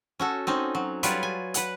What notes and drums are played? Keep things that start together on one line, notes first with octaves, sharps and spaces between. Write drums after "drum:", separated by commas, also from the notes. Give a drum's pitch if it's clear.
C#4 F#4 A4
C4 C#4 D#4
F#3
F#3 G3 F4 B4 C#5 D5, drum: hi-hat
G#5
B4 F#5, drum: hi-hat